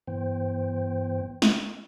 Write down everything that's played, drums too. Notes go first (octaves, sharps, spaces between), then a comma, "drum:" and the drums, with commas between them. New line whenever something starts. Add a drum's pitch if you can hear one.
G2 E3 B3 C5 G5
drum: snare